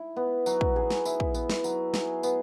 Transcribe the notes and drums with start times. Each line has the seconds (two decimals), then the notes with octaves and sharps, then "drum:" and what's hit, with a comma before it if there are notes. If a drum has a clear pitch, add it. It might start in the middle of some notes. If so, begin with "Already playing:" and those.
Already playing: E4
0.16 B3
0.46 F#3, drum: tambourine
0.61 drum: kick
0.76 G#4
0.90 drum: snare
1.05 E4, drum: tambourine
1.20 drum: kick
1.34 B3, drum: tambourine
1.49 drum: snare
1.64 F#3, drum: tambourine
1.94 G#4, drum: snare
2.23 B3, drum: tambourine